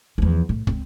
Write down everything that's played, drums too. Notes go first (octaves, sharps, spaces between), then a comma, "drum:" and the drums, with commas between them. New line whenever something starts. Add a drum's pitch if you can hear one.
E2 F3
A2
C#2 C4, drum: kick